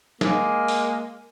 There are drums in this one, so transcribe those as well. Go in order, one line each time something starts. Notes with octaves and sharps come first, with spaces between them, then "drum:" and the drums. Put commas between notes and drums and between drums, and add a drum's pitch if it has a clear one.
G#3 A#3, drum: snare
drum: open hi-hat